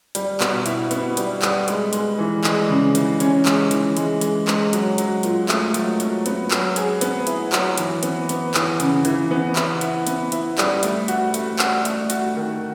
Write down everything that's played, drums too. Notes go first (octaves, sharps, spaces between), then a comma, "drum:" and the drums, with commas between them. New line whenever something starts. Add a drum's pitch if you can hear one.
G3, drum: hi-hat
B2, drum: clap
E4, drum: hi-hat
B3, drum: hi-hat
G3, drum: hi-hat
G3, drum: clap
G#3, drum: hi-hat
G#3, drum: hi-hat
E3
G#3, drum: clap
C#3
E3, drum: hi-hat
C#4, drum: hi-hat
G#3, drum: clap
E3, drum: hi-hat
G#3, drum: hi-hat
G#3, drum: hi-hat
G#3, drum: clap
F#3, drum: hi-hat
F#3, drum: hi-hat
A#2, drum: hi-hat
A3, drum: clap
F#3, drum: hi-hat
F#3, drum: hi-hat
B3, drum: hi-hat
F#3, drum: clap
G#4, drum: hi-hat
B3, drum: hi-hat
E4, drum: hi-hat
F#3, drum: clap
E3, drum: hi-hat
B3, drum: hi-hat
B3, drum: hi-hat
E3, drum: clap
C#3, drum: hi-hat
E3, drum: hi-hat
B3
E4, drum: clap
E4, drum: hi-hat
B3, drum: hi-hat
E4, drum: hi-hat
G3, drum: clap
A3, drum: hi-hat
F#4, drum: hi-hat
A3, drum: hi-hat
F#4, drum: clap
A3, drum: hi-hat
F#4, drum: hi-hat
D#3